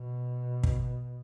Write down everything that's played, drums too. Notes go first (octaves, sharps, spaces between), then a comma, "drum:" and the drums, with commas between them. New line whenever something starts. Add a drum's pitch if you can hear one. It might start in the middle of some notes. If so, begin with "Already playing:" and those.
Already playing: B2
drum: kick